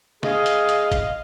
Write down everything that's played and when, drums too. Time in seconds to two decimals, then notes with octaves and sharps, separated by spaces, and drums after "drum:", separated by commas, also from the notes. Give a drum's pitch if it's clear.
0.23 G#4 D#5 F5, drum: snare
0.46 drum: hi-hat
0.69 drum: hi-hat
0.92 drum: kick G1, hi-hat